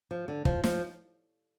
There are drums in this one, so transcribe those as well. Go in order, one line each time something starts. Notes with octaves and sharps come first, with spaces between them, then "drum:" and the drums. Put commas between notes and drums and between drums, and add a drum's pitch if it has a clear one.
F3
D3
F3, drum: kick
F3, drum: snare